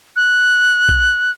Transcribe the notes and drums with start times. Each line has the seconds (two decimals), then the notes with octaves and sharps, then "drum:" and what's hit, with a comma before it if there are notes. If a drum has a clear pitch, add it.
0.16 F#6
0.89 drum: kick B1